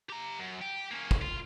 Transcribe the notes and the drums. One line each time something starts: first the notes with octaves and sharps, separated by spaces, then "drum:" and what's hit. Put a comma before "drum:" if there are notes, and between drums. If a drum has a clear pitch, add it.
G4 A#5
F#2
G4
A#3 C#4
drum: kick
F4